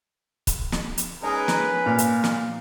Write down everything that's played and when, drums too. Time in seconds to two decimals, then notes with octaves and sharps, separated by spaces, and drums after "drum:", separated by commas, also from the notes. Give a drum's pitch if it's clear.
0.47 drum: kick, hi-hat
0.72 drum: snare
0.98 drum: hi-hat
1.23 G#3 C#4 D#4 G#4 A#4 B4
1.48 drum: snare
1.86 A#2 F5
1.98 drum: hi-hat
2.24 drum: snare